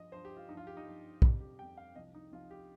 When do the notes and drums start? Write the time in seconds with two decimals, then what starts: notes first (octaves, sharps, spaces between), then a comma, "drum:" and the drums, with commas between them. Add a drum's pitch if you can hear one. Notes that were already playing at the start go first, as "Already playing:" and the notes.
Already playing: G2 F3 D#5
0.12 G2 F3 C5
0.25 G4
0.37 F4
0.49 G2 D#4
0.54 F3 F4
0.67 G4
0.77 D#4
0.85 G2 F3
1.22 F2 C3 G3 G4, drum: kick
1.41 G4
1.59 F2 C3 G3 G5
1.77 F5
1.96 C2 C3 F3 D#5
2.14 D#4
2.32 C2 C3 F3 F4
2.51 G4